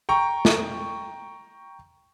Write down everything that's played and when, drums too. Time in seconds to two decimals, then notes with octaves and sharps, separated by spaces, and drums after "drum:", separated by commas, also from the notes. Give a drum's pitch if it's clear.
0.09 G5 A#5 C#6
0.45 drum: snare